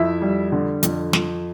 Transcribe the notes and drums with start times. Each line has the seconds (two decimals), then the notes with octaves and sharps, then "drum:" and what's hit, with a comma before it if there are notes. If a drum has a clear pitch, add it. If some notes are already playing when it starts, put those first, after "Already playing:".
Already playing: F2 E4 E5
0.22 G3
0.52 D3
0.83 F2, drum: hi-hat
1.13 F2, drum: snare